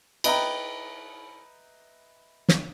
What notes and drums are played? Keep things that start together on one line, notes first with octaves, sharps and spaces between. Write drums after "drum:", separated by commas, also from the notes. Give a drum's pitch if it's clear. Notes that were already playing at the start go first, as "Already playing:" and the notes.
B4 D#5 E5 G5 A#5 B5, drum: cymbal
drum: snare